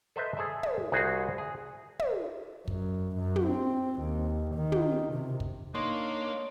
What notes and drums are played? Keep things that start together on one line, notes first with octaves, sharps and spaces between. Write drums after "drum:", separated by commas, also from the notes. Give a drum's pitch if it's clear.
A4 B4 C5 D#5 E5
G#4 A4 D5 E5
drum: tom
C2 F#4 G#4 C5 F#5
G#4
drum: tom
F#2, drum: kick
F#2
drum: tom
C4
D#2
D#3
drum: tom
C3
drum: kick
A#3 D4 D#4 C#5 C6